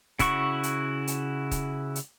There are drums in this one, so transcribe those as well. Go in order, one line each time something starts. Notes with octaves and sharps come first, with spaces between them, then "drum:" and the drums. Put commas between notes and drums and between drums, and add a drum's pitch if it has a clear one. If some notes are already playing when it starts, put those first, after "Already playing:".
C#3 E4 F#4 C#6, drum: kick, hi-hat
drum: hi-hat
drum: hi-hat
drum: kick, hi-hat
drum: hi-hat